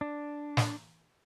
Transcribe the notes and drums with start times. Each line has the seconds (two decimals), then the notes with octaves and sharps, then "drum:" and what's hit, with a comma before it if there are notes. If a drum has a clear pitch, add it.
0.01 D4
0.57 drum: snare